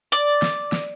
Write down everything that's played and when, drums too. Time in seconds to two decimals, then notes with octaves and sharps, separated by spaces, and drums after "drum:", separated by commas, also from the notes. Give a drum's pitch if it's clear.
0.12 D5
0.42 drum: snare
0.72 drum: snare